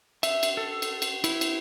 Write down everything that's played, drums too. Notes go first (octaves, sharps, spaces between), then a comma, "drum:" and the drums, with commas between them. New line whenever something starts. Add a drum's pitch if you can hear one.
E5, drum: cymbal
drum: cymbal
A4
drum: cymbal
drum: cymbal
E4, drum: cymbal
drum: cymbal